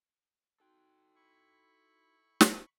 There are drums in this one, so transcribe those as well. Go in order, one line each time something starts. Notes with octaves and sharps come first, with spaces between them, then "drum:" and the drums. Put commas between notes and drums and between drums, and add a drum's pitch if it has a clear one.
D#4 F#4 A4 G5 C6
E4 B5 C#6
drum: snare